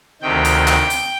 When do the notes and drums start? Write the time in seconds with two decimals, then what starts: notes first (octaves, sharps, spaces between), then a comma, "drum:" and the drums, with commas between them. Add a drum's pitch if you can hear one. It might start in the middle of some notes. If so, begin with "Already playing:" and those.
0.22 D2 C3 D#3 G5
0.45 drum: hi-hat
0.67 drum: clap
0.90 drum: hi-hat